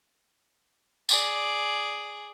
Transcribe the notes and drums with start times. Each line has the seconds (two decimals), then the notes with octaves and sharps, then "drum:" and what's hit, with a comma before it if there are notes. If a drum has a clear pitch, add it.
1.09 G#4 D5, drum: tambourine